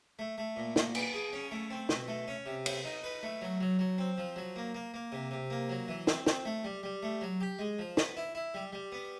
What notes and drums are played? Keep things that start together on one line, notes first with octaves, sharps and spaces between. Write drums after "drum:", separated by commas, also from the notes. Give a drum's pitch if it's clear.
A3
A3
A#2
A#2, drum: snare
B3, drum: cymbal
G#4
C#4
A3
C4
B2, drum: snare
A3
C#4
C3
B3, drum: cymbal
D#4
B4
A3
F#3
F#3
F#3
C4
F3
F#3
A#3
A#3
A#3
C3
C3
A#3
F#3
E3
C4, drum: snare
C4, drum: snare
A3
G3
G3
A3
F#3
G4
G#3
F3
B3, drum: snare
E4
E4
G3
G3
B3